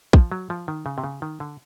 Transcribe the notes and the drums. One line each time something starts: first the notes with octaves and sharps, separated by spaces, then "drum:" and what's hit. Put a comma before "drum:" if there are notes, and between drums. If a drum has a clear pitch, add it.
F3, drum: kick
F#3
F3
D#3
C#3
C3
C#3
D#3
D3